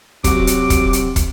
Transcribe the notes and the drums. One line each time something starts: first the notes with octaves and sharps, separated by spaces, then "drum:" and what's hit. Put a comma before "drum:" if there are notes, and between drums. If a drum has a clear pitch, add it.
C3 F#3 F#4 D6, drum: kick, hi-hat
drum: hi-hat
drum: kick, hi-hat
drum: hi-hat
drum: kick, hi-hat